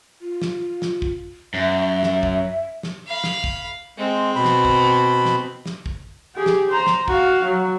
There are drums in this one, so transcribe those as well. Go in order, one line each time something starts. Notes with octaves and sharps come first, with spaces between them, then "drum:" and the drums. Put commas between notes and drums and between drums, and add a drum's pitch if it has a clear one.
F4
drum: snare
drum: snare
drum: kick
F#2 E5
drum: snare
drum: kick
drum: snare
F5 B5
drum: snare
drum: kick
G#3 C4
B2 B5
drum: snare
drum: kick
drum: snare
drum: snare
drum: kick
G4 G#4
drum: snare
C5 A#5
drum: snare
F#4 F5, drum: kick
F#3